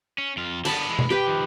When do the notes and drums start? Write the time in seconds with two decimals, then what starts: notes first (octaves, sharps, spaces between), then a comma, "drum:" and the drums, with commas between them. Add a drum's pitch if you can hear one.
0.18 C#4
0.37 F2 F4
0.65 D3 B3 A5 B5, drum: cymbal
0.89 E3 G#3
0.99 drum: tom B2
1.10 G4 B4 G5
1.27 D#3 F3